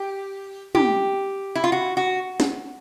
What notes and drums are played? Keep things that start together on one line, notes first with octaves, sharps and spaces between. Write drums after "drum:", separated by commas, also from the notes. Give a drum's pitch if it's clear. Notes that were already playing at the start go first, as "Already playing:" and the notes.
Already playing: G4
G4, drum: tom
E4
F4
F#4
F#4
drum: snare